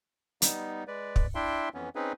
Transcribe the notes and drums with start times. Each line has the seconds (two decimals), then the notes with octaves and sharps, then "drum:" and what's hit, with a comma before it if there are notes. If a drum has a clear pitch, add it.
0.42 G3 B3 D#4, drum: hi-hat
0.87 G#3 B4 D5
1.16 drum: kick
1.35 D4 E4 E5 G5 C6
1.74 F2 E3 B3 C#4
1.95 C4 C#4 D#4 G#4 B4